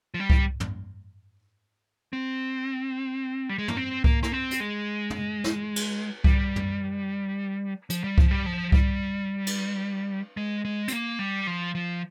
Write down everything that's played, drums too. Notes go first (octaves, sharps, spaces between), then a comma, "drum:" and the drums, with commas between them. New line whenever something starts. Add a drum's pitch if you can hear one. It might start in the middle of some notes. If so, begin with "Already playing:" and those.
F3
G3
drum: kick C2
drum: tom
C4
G3
G#3
A#3, drum: tom
C4
A#3, drum: kick C2
A#3, drum: rim click
C4
drum: hi-hat
G#3
drum: tom
drum: snare
drum: cymbal
G3, drum: kick C2
drum: tom G2
F3, drum: hi-hat
G3
F3, drum: kick C2
G3
F3
G3, drum: kick C2
drum: cymbal
G#3
G#3
C4, drum: hi-hat
A#3
G3
F3
F3